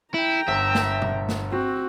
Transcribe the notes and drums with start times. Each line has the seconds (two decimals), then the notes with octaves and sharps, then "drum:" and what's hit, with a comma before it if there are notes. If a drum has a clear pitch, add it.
0.14 E4 G5 A#5
0.48 G1 E5
0.75 drum: snare
1.02 drum: tom A#2
1.29 drum: snare
1.52 C4 F#4